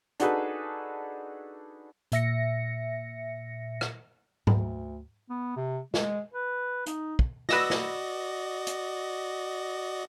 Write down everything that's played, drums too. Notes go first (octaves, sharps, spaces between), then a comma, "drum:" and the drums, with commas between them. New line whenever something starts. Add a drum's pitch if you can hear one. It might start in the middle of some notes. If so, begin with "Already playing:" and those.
D4 D#4 F#4 G#4 A4 B4, drum: hi-hat
A#2 E5 A#6 C#7, drum: hi-hat
drum: rim click
D2, drum: tom G#2
B3
C3
G#3, drum: snare
B4
D#4, drum: hi-hat
drum: kick
F#4 B4 D5 D#5 E6 A#6, drum: snare
drum: snare
drum: hi-hat